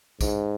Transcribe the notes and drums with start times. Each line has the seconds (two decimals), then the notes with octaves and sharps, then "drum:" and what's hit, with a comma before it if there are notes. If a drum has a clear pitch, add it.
0.21 G#2, drum: kick A#1, tambourine